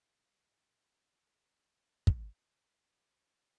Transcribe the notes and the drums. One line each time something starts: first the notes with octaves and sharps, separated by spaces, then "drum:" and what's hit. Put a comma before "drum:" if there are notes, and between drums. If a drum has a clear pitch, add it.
D3
A#4
D5
G#3
C#2
A5
G#4
A#1
F#4
drum: kick
G#3 B3 E4 F#4 B4 C5